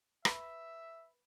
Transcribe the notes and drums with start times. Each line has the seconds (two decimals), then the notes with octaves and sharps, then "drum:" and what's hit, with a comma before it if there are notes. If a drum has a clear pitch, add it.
0.25 B4 E5, drum: rim click